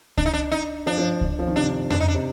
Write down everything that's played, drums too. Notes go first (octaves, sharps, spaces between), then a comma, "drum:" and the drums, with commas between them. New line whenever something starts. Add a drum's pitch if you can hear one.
D4, drum: kick C#2
D#4
D4
D#4
F3 D4
F3
drum: kick C#2
F3
D#3
C3 D4
D4, drum: tom F2
D#4
D4
C3